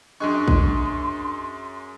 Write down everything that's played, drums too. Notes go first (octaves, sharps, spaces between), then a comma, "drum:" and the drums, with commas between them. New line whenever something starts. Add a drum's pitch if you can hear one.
F#2 D4 G#4 D#5 C6 C#6 F#6
drum: kick